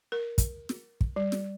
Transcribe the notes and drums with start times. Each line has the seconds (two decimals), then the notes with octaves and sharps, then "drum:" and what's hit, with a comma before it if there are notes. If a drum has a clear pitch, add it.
0.12 A#4
0.38 drum: kick, hi-hat
0.69 drum: snare
1.01 drum: kick
1.16 G3
1.32 drum: snare